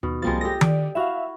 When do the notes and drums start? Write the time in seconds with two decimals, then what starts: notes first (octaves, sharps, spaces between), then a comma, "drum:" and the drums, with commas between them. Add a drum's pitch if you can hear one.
0.03 D#2 B2
0.22 C2 F3 G3 G#3 A#3 A6
0.41 G4 A4 D#5 A#6
0.61 D5, drum: tom D#3
0.95 E4 F#4 E5 F5